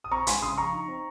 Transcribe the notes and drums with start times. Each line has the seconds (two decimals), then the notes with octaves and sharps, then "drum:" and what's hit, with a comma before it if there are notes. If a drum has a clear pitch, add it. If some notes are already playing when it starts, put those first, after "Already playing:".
0.04 D#6
0.11 C4 A#5 C#6
0.27 G#3 G#5 C6, drum: hi-hat
0.42 C#3 C6 D#6
0.58 F3 A#5 C#6
0.73 D#4
0.88 C4